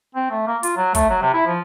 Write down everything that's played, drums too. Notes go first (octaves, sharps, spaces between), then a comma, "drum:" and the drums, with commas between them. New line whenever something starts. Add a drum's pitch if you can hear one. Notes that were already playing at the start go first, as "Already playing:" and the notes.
C4
A3
A#3
F4, drum: hi-hat
F#3
A3, drum: kick, hi-hat
F#3
C3
E4
F3